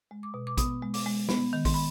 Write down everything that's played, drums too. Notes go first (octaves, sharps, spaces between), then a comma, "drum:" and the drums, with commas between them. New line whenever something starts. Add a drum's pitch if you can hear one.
G#3
D6
B2
D6
B3 D#6, drum: kick A1, hi-hat
G#3
D6, drum: open hi-hat
G#3
B3, drum: snare
D#3
C6, drum: kick A1, open hi-hat
B5